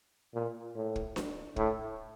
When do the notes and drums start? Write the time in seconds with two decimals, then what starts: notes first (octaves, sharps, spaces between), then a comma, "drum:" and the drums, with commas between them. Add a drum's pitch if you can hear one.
0.34 A#2
0.75 A2
0.96 drum: kick
1.16 drum: snare D4
1.56 A2, drum: kick